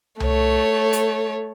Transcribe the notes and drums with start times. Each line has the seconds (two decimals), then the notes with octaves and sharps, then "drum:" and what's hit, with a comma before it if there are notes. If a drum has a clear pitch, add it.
0.20 A3 C#5, drum: tom C2
0.93 drum: hi-hat